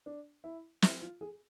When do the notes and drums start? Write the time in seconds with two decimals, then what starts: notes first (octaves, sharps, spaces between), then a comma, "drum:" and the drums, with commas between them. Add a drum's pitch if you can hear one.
0.06 D4
0.44 E4
0.82 E4, drum: snare
1.02 F4
1.21 G#4